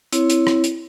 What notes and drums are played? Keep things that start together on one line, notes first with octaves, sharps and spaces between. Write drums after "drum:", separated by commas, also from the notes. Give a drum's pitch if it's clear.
C4 E4 C#5, drum: hi-hat
drum: hi-hat
drum: rim click
drum: hi-hat